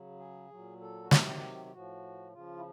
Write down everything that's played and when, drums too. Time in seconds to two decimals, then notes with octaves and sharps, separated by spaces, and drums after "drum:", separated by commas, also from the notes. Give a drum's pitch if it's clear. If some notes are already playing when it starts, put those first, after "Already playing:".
Already playing: C#3 F#3
0.19 G#4
0.50 A#2 F#3
0.81 A4
1.04 F#4
1.11 C3 D#3 F#3 G4, drum: snare
1.66 G4
1.73 A2 F3 F#4
2.33 C#3 F3 F4
2.57 E4